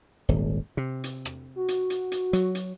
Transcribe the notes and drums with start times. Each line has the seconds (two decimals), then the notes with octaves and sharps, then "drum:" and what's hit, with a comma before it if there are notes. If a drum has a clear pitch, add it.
0.28 D#1 G#1
0.77 C3
1.04 drum: hi-hat
1.25 drum: rim click
1.56 F#4
1.68 drum: hi-hat
1.90 drum: hi-hat
2.12 drum: hi-hat
2.33 F#3, drum: hi-hat
2.55 drum: hi-hat